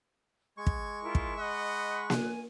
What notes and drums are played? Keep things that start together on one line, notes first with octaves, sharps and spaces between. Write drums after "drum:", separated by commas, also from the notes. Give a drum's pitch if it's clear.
G#3 C#6 G#6
drum: kick
E4 F4 A#4
drum: kick
D#5 F#5 B5 F#6
G#5, drum: snare A#3